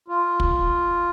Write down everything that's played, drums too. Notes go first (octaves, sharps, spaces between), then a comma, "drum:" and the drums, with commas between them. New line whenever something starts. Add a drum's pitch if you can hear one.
F4
drum: kick